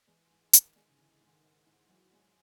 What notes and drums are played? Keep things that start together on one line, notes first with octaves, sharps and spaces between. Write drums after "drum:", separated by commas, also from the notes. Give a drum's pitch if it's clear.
E3 G#3
G#2
G#2 D#3, drum: hi-hat
G#3
C#3
D3 E3
G#2
D#3
G#2
G#2
E3 F#3
G#3